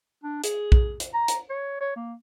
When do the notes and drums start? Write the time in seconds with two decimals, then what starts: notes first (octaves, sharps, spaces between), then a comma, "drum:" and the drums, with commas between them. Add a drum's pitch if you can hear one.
0.24 D4
0.44 G#4, drum: hi-hat
0.72 drum: kick
1.00 drum: hi-hat
1.14 A#5
1.28 drum: hi-hat
1.50 C#5
1.80 C#5
1.96 A#3